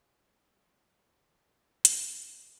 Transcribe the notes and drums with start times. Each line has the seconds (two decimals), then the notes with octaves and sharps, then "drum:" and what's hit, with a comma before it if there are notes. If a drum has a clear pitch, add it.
0.18 F#3 F4
1.85 C#2 A#3, drum: hi-hat